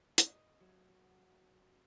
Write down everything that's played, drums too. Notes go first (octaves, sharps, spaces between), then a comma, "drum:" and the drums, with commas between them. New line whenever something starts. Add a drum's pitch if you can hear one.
D#5, drum: hi-hat
F#3